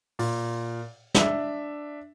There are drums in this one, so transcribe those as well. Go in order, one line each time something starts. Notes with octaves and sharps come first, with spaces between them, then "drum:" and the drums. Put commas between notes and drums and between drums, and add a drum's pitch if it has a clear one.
A#2, drum: open hi-hat
D4 E5, drum: snare